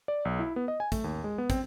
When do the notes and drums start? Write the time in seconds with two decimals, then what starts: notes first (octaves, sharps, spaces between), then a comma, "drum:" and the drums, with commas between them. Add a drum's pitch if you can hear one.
0.08 D5
0.25 B1
0.39 E4
0.56 B3
0.68 D#5
0.80 G#5
0.92 A3, drum: kick, hi-hat
1.04 D#2
1.24 G#3
1.38 B3
1.50 C4, drum: kick, hi-hat